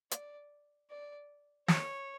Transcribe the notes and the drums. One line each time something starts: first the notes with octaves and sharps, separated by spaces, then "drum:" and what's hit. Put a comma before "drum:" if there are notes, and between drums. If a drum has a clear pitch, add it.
D5, drum: hi-hat
D5
C#5, drum: snare